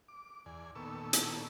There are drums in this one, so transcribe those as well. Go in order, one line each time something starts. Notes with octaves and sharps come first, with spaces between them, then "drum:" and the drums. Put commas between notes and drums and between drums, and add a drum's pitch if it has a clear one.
D6
E2 D5 G#5
A#2 D#3 B3 A4 C#6 E6
drum: hi-hat